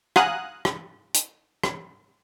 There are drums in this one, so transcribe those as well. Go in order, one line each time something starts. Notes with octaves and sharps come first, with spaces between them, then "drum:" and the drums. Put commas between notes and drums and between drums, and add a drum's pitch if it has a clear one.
F5 F#5 G#5 A#5 D#6 F#6, drum: rim click
drum: rim click
drum: hi-hat
drum: rim click